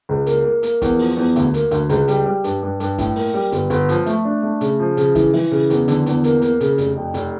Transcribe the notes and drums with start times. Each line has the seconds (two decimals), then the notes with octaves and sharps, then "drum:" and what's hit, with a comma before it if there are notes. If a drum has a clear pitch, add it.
0.09 C#2
0.26 A#3, drum: hi-hat
0.45 A#3
0.63 A#3, drum: hi-hat
0.82 E2, drum: kick, hi-hat
0.99 F3, drum: open hi-hat
1.17 E2
1.36 D2, drum: hi-hat
1.54 A#3, drum: hi-hat
1.71 D2, drum: hi-hat
1.89 C#2, drum: hi-hat
2.08 G3, drum: hi-hat
2.26 G3
2.44 G2, drum: hi-hat
2.63 G2
2.80 G2, drum: hi-hat
2.98 A2, drum: kick, hi-hat
3.16 A#3, drum: open hi-hat
3.34 G3
3.52 G1, drum: hi-hat
3.70 G1, drum: hi-hat
3.89 F3, drum: hi-hat
4.06 A3, drum: hi-hat
4.25 D4
4.43 A3
4.61 C#3, drum: hi-hat
4.80 F3
4.97 C#3, drum: hi-hat
5.15 E3, drum: kick, hi-hat
5.33 E3, drum: open hi-hat
5.51 C#3
5.70 E2, drum: hi-hat
5.88 D3, drum: hi-hat
6.06 E2, drum: hi-hat
6.24 A#3, drum: hi-hat
6.42 A#3, drum: hi-hat
6.60 C#3, drum: hi-hat
6.78 F1, drum: hi-hat
6.96 F2
7.14 F1, drum: hi-hat